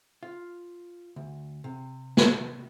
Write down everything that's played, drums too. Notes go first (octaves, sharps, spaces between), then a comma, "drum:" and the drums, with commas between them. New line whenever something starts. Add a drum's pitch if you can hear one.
F4
D2
C3
drum: snare